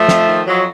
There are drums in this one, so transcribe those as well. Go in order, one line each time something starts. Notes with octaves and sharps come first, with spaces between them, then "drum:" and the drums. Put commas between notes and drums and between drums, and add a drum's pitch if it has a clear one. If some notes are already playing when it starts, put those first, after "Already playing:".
Already playing: F3 A3
F2, drum: snare
D#3
F2 F#3